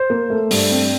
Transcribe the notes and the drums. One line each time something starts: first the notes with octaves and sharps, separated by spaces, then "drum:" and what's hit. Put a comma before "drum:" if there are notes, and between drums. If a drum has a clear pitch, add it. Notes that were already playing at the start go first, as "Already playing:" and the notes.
Already playing: C5
A#3
A3
G2, drum: open hi-hat
C4